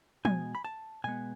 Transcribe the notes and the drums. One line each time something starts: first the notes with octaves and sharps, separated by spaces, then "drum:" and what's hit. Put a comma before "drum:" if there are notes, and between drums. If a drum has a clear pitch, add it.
B2 G#3 B3 G#5, drum: tom
B5
A5
B2 G#3 B3 G#5